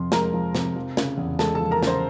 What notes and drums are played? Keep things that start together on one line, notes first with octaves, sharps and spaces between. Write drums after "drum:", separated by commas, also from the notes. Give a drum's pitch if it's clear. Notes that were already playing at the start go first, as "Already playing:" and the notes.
Already playing: F2 C3 F3 C6
G#3 A#4 A#5, drum: snare
F3
C3, drum: snare
F3
C#3, drum: snare
E2
G#3 A4 A5, drum: snare
A4 A5
F3
A#4 A#5
C#3 C5 C6, drum: snare